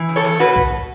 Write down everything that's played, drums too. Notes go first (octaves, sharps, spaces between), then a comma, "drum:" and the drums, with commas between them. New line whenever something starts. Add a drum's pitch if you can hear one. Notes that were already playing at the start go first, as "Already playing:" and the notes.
Already playing: E3
C#3
A4 C#5
E2
B2 F#4 B4
drum: kick B1